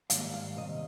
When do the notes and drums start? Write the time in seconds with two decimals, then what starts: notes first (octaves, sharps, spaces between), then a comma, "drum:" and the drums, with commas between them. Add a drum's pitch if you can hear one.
0.10 G#2 D#3 G3 A#3 F5, drum: hi-hat
0.34 F5
0.58 C3 D#3 G3 D#5